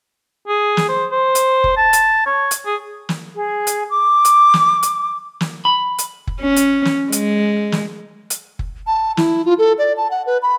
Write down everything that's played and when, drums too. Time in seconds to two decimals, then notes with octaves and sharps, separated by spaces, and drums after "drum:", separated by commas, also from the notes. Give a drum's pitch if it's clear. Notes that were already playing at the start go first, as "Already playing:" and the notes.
0.48 G#4
0.77 drum: snare
0.88 C5
1.11 C5
1.35 drum: hi-hat
1.64 drum: kick
1.77 A5
1.93 drum: hi-hat
2.26 C#5
2.51 drum: hi-hat
2.66 G#4
3.09 drum: snare
3.35 G#4
3.67 drum: hi-hat
3.89 D6
4.25 drum: hi-hat
4.54 drum: snare
4.83 drum: hi-hat
5.41 drum: snare
5.65 B5
5.98 drum: hi-hat
6.27 drum: kick
6.41 C#4
6.56 drum: hi-hat
6.85 drum: snare
7.12 G#3, drum: hi-hat
7.72 drum: snare
8.30 drum: hi-hat
8.59 drum: kick
8.87 A5
9.17 E4, drum: snare
9.45 F4
9.58 A4
9.78 D5
9.97 A5
10.11 F#5
10.26 B4
10.42 B5